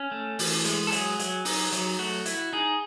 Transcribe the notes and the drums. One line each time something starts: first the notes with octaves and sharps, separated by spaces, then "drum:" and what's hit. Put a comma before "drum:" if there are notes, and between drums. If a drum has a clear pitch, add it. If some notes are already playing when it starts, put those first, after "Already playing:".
Already playing: C#4
A3
E3, drum: open hi-hat
G#3, drum: hi-hat
A4
F#3 G#4, drum: hi-hat
F#3, drum: hi-hat
D#4, drum: open hi-hat
F#3, drum: hi-hat
A3 F#4
E4, drum: hi-hat
D#4 G#4